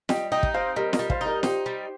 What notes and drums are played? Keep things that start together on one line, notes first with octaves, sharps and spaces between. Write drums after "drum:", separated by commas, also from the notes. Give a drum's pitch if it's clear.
G3 D#5 G5, drum: snare
D#4 D#5 G5
drum: kick
C4 C5 F5
G3 A#4 D#5
A#4 D#5, drum: snare
G3
C5 F5, drum: kick
D#4
A#4 D#5
D#4 G4 C5, drum: snare
G3